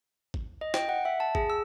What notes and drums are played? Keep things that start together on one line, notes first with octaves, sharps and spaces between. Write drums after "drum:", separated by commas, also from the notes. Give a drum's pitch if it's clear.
drum: kick
D#5
G5, drum: snare
F#5
E5
A5
G#4, drum: kick
E6